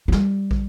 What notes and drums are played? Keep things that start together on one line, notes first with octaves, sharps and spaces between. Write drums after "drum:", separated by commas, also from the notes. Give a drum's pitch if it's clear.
F#3
G3, drum: snare
drum: kick